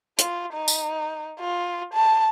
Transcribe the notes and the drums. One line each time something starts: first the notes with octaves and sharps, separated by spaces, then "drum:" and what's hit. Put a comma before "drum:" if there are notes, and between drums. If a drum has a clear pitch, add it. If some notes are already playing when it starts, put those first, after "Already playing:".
F4, drum: hi-hat
D#4
drum: tambourine
F4
A5